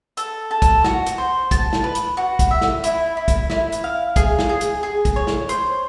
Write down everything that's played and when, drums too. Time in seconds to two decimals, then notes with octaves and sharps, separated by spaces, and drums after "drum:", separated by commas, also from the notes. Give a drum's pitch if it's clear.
0.17 A4, drum: hi-hat
0.51 A4
0.62 drum: kick, hi-hat
0.84 F#4, drum: snare
1.06 drum: hi-hat
1.18 C5
1.51 A5, drum: kick, hi-hat
1.73 drum: snare
1.84 B4
1.95 drum: hi-hat
2.17 F#4
2.39 drum: kick, hi-hat
2.51 E5
2.61 drum: snare
2.84 E4, drum: hi-hat
3.17 E4
3.28 drum: kick, hi-hat
3.50 E4, drum: snare
3.72 drum: hi-hat
3.84 F5
4.16 G#4, drum: kick, hi-hat
4.39 drum: snare
4.49 G#4
4.61 drum: hi-hat
4.83 G#4
5.05 drum: kick, hi-hat
5.16 C#5
5.27 drum: snare
5.49 C5, drum: hi-hat